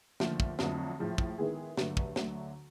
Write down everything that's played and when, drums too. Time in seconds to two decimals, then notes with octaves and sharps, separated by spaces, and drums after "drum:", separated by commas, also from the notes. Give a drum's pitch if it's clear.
0.20 D#2 D3 F3 A3, drum: snare
0.40 drum: kick
0.59 F2 D3 F#3 A3, drum: snare
0.99 A2 F3 G#3
1.18 drum: kick
1.38 D#3 G#3 B3 E4 G#4
1.78 G2 D3 F#3 A3, drum: snare
1.97 drum: kick
2.16 D2 D3 F#3 A3, drum: snare